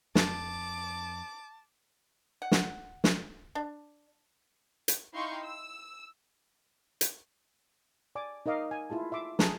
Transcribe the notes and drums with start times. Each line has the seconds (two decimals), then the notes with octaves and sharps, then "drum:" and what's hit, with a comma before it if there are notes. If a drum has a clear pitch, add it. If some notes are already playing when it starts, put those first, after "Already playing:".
0.15 F2 A5 D6, drum: snare
2.42 F#5
2.52 drum: snare
3.04 drum: snare
3.55 D4
4.88 drum: hi-hat
5.14 D#4 E4 F5 G5 C6 C#6
5.43 E6
7.01 drum: hi-hat
8.15 D5 G#5 D6
8.46 D#4 A#4 D#5 F5 D6
8.71 G#5
8.90 E4 F4 G#4 A5
9.12 E5 C6 D6
9.39 G#4 A5 A#5, drum: snare